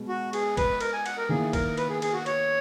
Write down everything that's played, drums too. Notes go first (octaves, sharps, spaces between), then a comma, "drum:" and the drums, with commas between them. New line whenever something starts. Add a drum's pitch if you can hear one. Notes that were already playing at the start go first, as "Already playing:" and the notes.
Already playing: B2 G#3
F#4
G#4, drum: cymbal
B4, drum: kick A#1, cymbal
A#4, drum: cymbal
G#5
F#5, drum: cymbal
A#4
D#3 A#3 E4 G#4
A#4, drum: kick A#1, cymbal
B4, drum: cymbal
G#4
G#4, drum: cymbal
F#4
C#5, drum: cymbal